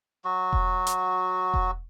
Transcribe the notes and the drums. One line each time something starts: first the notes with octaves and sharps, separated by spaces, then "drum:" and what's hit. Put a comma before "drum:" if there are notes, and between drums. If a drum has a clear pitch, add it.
F#3 F#4
drum: kick E1
drum: hi-hat
drum: kick E1